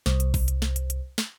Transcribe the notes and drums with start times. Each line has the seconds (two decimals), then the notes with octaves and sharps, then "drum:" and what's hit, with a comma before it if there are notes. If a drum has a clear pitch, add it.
0.06 C2, drum: snare
0.20 drum: hi-hat
0.34 drum: kick A1, open hi-hat
0.48 drum: hi-hat
0.62 drum: snare
0.76 drum: hi-hat
0.90 drum: hi-hat
1.18 drum: snare